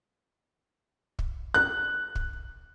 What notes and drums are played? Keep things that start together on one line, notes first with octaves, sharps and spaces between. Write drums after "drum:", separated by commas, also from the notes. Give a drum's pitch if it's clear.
drum: kick
F#6
drum: kick